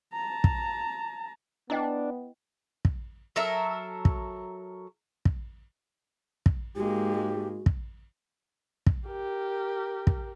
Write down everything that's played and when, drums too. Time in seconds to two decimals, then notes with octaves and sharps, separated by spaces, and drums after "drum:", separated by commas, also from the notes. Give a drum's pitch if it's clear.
0.14 A5 A#5
0.44 drum: kick
1.70 B3 D4 E4 D#5 G5
2.85 drum: kick
3.36 F#3 A4 A#4 E5
4.05 drum: kick
5.25 drum: kick
6.46 drum: kick
6.76 G#2 G#3 A#3 F#4 G4
7.66 drum: kick
8.87 drum: kick
9.07 G4 A#4
10.07 drum: kick